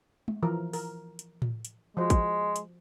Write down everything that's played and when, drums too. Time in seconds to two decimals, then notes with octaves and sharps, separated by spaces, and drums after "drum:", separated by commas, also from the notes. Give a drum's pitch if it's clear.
0.28 drum: tom
0.43 E3 F3 A#4
0.73 A#4, drum: open hi-hat
1.19 drum: hi-hat
1.42 drum: tom A2
1.65 drum: hi-hat
1.97 F3 G#3 F#4 C5
2.10 drum: kick, hi-hat
2.56 drum: hi-hat